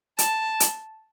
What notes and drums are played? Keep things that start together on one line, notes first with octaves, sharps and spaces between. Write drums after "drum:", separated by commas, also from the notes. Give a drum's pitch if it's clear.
A5, drum: hi-hat
drum: hi-hat